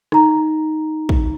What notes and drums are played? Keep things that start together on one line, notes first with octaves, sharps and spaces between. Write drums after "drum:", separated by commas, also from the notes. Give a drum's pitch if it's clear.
D#4 A#5, drum: rim click
drum: kick